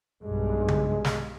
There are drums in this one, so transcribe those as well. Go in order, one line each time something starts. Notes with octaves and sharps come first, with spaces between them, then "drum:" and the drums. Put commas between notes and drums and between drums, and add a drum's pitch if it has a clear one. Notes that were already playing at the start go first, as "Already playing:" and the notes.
B1 G2 G#3
drum: tom C#3
drum: snare